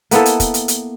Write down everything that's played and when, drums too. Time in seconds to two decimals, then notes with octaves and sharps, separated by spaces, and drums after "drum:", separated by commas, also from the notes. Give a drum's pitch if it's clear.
0.11 A#3 B3 E4 A4, drum: hi-hat
0.25 drum: hi-hat
0.40 drum: kick, hi-hat
0.54 drum: hi-hat
0.68 drum: hi-hat